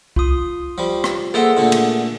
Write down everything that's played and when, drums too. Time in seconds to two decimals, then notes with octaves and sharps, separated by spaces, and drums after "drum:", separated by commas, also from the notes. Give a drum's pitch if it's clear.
0.16 F4 C6 D#6, drum: kick C2
0.78 F3 G3
1.04 drum: rim click
1.34 A#3 G#4 A4 C5 E5 F#5
1.57 A#2 D3 A3
1.72 drum: cymbal